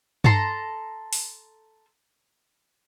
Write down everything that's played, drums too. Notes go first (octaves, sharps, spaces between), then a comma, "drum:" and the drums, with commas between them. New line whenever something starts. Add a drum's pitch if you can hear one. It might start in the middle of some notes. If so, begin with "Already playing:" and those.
A4 A5 A#5 C6, drum: tom G2
drum: open hi-hat